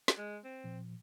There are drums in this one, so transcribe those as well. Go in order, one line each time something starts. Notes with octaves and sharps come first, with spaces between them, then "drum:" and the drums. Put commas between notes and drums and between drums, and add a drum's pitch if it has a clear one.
drum: snare
G#3
C4
A#2 F3